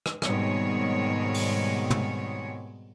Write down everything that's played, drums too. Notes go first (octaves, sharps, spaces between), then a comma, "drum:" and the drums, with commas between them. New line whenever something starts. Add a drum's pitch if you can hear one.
drum: rim click
G#2 B2 D#3 G3 C4 C#5, drum: rim click
drum: open hi-hat
drum: tom